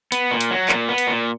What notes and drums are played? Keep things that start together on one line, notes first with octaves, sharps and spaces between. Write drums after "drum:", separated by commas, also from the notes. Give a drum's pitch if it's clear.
B3, drum: hi-hat
A#2
drum: hi-hat
F#3
A#2, drum: clap
B3
drum: hi-hat
A#2